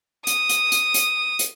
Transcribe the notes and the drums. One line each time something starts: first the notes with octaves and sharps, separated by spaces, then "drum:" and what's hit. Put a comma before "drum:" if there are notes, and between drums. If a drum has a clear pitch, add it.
D#6, drum: hi-hat
drum: hi-hat
drum: hi-hat
drum: hi-hat
drum: hi-hat